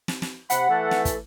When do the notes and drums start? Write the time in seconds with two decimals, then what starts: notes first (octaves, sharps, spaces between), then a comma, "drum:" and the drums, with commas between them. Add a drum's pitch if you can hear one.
0.08 drum: snare
0.22 drum: snare
0.50 C3 F#5 B5, drum: hi-hat
0.69 E3 A3 A4
0.91 drum: snare
1.05 drum: kick, hi-hat